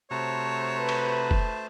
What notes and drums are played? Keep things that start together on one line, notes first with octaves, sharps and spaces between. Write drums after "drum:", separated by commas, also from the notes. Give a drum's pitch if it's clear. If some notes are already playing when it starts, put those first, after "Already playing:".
C3 A3 F#4 C5 C#5 A5 A#5
B4
drum: cymbal
drum: kick